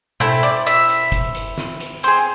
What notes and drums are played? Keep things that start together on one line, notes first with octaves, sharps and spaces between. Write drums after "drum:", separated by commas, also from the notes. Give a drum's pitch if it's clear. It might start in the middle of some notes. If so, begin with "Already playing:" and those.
C4 E4 A4 E5, drum: tom B2
D5, drum: hi-hat
E5, drum: hi-hat
drum: hi-hat
drum: kick, hi-hat
drum: hi-hat
drum: snare
drum: hi-hat
C4 G#4 C5, drum: hi-hat